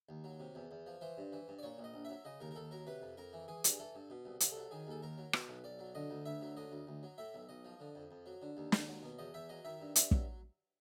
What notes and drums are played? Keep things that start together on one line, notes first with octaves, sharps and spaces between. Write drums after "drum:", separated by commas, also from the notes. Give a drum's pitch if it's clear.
D#2
F#3
C3
E2
E2
F3
E3 C5
G2
E3
G2
D5
A#2 C#5
A#1
D#5
A#1
F#3 E5
C#3 D#5
D#2 A#4
A#4
D#2 A4
F#3 A#4
C3 B4
F2
F2 A#4
E3
E3 G#4
G2, drum: hi-hat
E3 A4
G2
B2
C2
C2, drum: hi-hat
A4
F#3
D#3 G#4
D#2 A4
D#2 A#4
F#3
B2 B4, drum: rim click
B1
B1 D5
F#3
D3 D#5
D2
D2 E5
F#3
D3 D#5
D2
D2
F#3
A2 E5
B1
B1 D#5
F3
D3
F2
F2
F#3
D3
D#2
D#2, drum: snare
F#3
B2
E2 D#5
E2 E5
F#3 D#5
D#3 E5
G2
G2 E5, drum: hi-hat
F#3, drum: kick